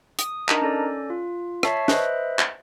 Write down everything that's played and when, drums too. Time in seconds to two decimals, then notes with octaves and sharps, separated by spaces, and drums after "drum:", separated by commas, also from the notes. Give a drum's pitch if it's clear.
0.19 D#6, drum: hi-hat
0.49 D4 D#4 A#4 D#5 A5 A#5, drum: clap
0.61 C#4 A4 D5
1.10 F4
1.63 C#5 E5 A5 C#6 B6 C7, drum: rim click
1.88 B4 C5 D#5 E5 F#6, drum: snare
2.39 drum: clap